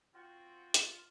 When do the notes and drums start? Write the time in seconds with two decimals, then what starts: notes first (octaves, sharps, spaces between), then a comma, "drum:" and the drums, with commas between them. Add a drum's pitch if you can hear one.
0.14 C4 F4 F#4 G5
0.74 drum: hi-hat